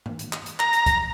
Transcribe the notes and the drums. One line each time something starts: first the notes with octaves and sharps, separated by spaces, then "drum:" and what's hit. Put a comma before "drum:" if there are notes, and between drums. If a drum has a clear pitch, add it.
drum: tom G2
drum: hi-hat
drum: clap
drum: hi-hat
A#5, drum: clap
drum: hi-hat
drum: kick C#2, hi-hat